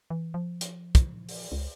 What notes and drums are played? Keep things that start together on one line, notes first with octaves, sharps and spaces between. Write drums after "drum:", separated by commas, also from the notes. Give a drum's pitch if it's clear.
E3
F3
drum: hi-hat
drum: kick, hi-hat
drum: open hi-hat
C#2